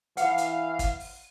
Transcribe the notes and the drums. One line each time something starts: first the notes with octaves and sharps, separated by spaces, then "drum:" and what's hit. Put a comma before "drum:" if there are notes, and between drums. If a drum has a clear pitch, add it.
E3 F5 F#5, drum: hi-hat
drum: hi-hat
drum: kick, hi-hat
drum: open hi-hat